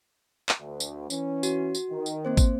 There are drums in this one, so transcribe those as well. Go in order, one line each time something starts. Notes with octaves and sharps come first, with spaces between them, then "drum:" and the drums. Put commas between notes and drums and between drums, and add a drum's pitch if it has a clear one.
drum: clap
D2
drum: tambourine
E3 C#4, drum: tambourine
F#4, drum: tambourine
drum: tambourine
D#3
drum: tambourine
A#3 C4 C5
drum: kick, tambourine